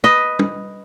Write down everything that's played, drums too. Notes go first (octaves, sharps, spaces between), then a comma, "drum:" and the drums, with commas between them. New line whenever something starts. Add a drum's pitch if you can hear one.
B4 D#5
drum: tom